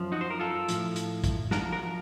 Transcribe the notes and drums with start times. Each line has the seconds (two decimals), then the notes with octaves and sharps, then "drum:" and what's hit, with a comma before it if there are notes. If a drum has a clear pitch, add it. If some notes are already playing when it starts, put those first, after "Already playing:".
Already playing: F#2 F3
0.12 D#4 F#4
0.21 C5
0.30 A#4
0.40 F4 A4
0.68 A2 F3, drum: hi-hat
0.96 drum: hi-hat
1.24 drum: kick, hi-hat
1.51 F#2 F3 F#4 A#4, drum: snare
1.73 F#4 A#4